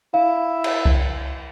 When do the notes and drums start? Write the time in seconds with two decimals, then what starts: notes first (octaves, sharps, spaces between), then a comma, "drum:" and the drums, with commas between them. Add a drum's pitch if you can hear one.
0.14 E4 F5
0.64 drum: cymbal
0.85 drum: kick C2